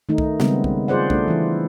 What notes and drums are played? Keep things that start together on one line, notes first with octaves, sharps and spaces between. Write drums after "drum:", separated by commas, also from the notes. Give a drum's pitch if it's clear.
D#3 A3 D#4
drum: kick C2
C#3 G3 G#3 B3 C4, drum: snare
drum: kick C2
F4 G#4 C5 D5 F#5
A3 D4, drum: kick C2
E3 E4